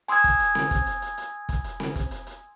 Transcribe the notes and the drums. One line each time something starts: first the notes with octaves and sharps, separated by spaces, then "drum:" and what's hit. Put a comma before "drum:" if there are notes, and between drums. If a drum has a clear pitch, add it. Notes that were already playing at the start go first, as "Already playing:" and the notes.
G#5 C6 D#6 E6 G#6, drum: hi-hat
drum: kick, hi-hat
drum: hi-hat
drum: snare C4
drum: kick, hi-hat
drum: hi-hat
drum: hi-hat
drum: hi-hat
drum: kick, hi-hat
drum: hi-hat
drum: snare C4
drum: kick, hi-hat
drum: hi-hat
drum: hi-hat